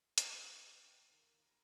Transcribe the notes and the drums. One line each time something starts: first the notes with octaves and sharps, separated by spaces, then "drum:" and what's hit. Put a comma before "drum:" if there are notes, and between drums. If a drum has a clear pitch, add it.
drum: hi-hat
G5
D#2 A#3
A#4 B4